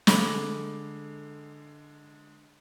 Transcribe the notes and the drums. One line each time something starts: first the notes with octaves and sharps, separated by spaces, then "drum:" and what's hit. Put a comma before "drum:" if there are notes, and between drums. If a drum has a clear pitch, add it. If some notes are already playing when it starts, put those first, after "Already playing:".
D3 G#3 A4 B5 D6 F#7, drum: snare